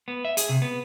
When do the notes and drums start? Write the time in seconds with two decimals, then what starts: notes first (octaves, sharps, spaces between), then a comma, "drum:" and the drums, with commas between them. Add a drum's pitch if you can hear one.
0.08 B3
0.25 E5
0.37 G#4, drum: hi-hat
0.49 C3
0.62 B3